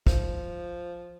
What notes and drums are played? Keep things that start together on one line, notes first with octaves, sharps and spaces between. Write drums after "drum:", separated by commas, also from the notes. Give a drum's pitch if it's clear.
F3, drum: kick